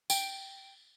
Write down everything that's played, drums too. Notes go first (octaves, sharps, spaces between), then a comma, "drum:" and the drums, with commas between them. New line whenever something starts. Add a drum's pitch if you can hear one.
G5, drum: tambourine